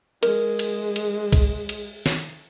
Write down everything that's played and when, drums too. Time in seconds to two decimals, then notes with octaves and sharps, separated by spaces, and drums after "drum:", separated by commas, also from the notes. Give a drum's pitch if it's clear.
0.23 G#3 A#4, drum: cymbal
0.59 drum: cymbal
0.96 drum: cymbal
1.32 drum: kick B1, cymbal
1.69 drum: cymbal
2.06 drum: snare